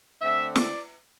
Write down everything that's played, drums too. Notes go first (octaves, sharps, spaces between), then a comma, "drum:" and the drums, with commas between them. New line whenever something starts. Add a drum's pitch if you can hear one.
D3 A3 C4 E5
D5, drum: snare